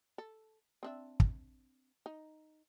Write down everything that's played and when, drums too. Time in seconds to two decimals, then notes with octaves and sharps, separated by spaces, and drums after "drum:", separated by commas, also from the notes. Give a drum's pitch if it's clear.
0.18 A4
0.83 C4 D4 E5
1.20 drum: kick
2.06 D#4